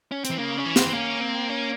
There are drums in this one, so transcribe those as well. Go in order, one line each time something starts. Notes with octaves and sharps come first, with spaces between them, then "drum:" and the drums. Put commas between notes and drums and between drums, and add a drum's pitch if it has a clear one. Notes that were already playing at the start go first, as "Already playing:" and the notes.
C#4
C4, drum: hi-hat
E3
C#3 A#3
C#4
E3
C4, drum: snare
A#3 C#4
C4
C#4